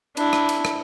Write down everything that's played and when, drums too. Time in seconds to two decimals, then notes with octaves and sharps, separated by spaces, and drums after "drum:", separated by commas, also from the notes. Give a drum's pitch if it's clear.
0.17 D4 E4, drum: cymbal
0.33 drum: rim click
0.49 drum: cymbal
0.65 drum: rim click